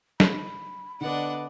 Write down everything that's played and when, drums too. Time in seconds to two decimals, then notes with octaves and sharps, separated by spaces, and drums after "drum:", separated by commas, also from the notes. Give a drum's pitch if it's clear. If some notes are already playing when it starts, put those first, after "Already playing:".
0.20 B5, drum: snare
1.01 D3 B3 D4 D5 D#5 F#5